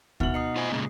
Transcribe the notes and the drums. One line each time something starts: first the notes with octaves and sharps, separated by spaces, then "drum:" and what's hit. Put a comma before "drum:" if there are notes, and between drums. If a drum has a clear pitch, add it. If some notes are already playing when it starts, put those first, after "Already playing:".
B2 E3 D#4 F#5 F6 F#7, drum: kick D2
D#4 D#6 C7 C#7
F4 C5 G#5
A#2 C#3 G#3